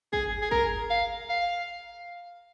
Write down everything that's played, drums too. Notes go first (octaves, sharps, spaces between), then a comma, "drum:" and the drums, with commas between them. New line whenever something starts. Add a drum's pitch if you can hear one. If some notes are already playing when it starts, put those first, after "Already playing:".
G#4, drum: kick
G#4
A#4, drum: kick
F5
F5